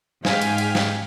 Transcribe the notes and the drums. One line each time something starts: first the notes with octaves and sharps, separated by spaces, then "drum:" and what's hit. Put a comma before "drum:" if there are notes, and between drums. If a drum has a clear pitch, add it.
G#2 G#3 F5 G5 G#5 B6, drum: snare
drum: cymbal
drum: cymbal
drum: snare